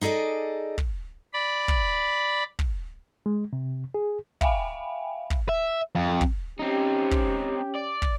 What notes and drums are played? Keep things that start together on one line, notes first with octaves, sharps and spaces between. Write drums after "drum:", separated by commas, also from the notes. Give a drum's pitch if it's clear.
D#4 G#4 A4 D5 D#5
drum: kick
D5 B5
drum: kick
drum: kick
G#3
C3
G#4
E5 F5 G5 G#5 B5, drum: kick
drum: kick
E5
F2
drum: kick
C4 C#4 D#4 G4
drum: kick
D5
drum: kick